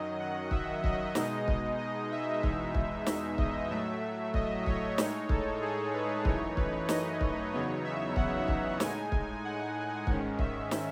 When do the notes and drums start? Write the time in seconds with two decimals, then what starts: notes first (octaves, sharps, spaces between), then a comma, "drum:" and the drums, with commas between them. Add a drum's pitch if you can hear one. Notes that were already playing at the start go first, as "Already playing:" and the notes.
Already playing: F#2 D#3 F#3 D#5
0.19 F#5
0.51 E5, drum: kick
0.84 D#5, drum: kick
1.15 B2 G#3 D#4, drum: snare
1.48 D#5, drum: kick
1.78 D#5
2.11 E5
2.43 E2 B2 G#3 D#4, drum: kick
2.75 drum: kick
3.06 drum: snare
3.38 D#5, drum: kick
3.70 A2 F#3 A3 E5
4.34 D#5, drum: kick
4.66 C#5, drum: kick
4.98 A2 G#3 D#4, drum: snare
5.29 A4, drum: kick
5.62 G#4
5.93 B4
6.25 F#2 E3 A3 D#4 C#5, drum: kick
6.57 B4, drum: kick
6.89 D#5, drum: snare
7.21 drum: kick
7.53 E2 C#3 F#3 B3 D#4 C#5
7.84 E5
8.16 F#5, drum: kick
8.48 drum: kick
8.80 A2 G#3 D#4 G#5, drum: snare
9.12 drum: kick
9.44 F#5
10.07 G#2 D#3 G#3 C#4, drum: kick
10.39 E5, drum: kick
10.71 drum: snare